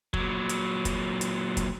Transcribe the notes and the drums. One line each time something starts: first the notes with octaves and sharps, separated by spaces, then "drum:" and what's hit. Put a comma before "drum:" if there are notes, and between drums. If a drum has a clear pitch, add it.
A#2 F#3, drum: kick
drum: hi-hat
drum: kick, hi-hat
drum: hi-hat
drum: kick, hi-hat